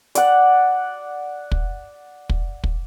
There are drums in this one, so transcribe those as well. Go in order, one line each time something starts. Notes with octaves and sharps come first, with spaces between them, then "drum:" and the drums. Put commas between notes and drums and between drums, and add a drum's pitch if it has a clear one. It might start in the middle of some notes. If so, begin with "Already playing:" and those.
D5 F#5, drum: hi-hat
drum: kick
drum: kick
drum: kick